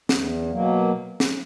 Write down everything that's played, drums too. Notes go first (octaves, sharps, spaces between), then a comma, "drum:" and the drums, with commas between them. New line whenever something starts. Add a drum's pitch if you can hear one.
E2, drum: snare
B2 F#3 A#3
drum: snare